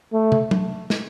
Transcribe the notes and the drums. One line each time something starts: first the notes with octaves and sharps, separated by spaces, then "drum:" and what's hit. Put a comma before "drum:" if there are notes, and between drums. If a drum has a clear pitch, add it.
A3
drum: tom
drum: tom
drum: snare